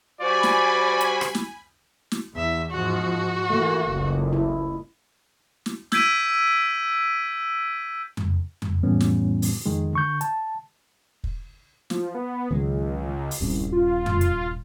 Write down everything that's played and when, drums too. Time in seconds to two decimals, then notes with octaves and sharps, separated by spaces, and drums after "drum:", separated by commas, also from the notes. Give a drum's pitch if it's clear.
0.21 G3 F#4 C5 D5 G#5 B5
0.43 drum: snare
1.01 drum: hi-hat
1.21 drum: rim click
1.35 drum: snare
2.12 drum: snare
2.36 E2 E5
2.71 G#2 F3 F#4
3.50 E3 A3 A#3
3.90 F#1 C#2
4.33 E4
5.66 drum: snare
5.92 E6 G6 G#6 B6 D7 D#7, drum: snare
8.17 drum: tom F2
8.62 drum: tom F2
8.83 F2 A2 E3 G3 B3 C#4
9.00 drum: snare
9.42 drum: open hi-hat
9.66 F2 D#3 G#3
9.93 D3 C#6 G6
10.21 A5, drum: hi-hat
11.24 drum: kick
11.90 F3, drum: snare
12.15 B3
12.51 C#2 D#3 F#3 G#3
13.31 drum: open hi-hat
13.40 D#1 C2 G2 C#4
13.72 F4
14.06 drum: tom F2
14.21 drum: hi-hat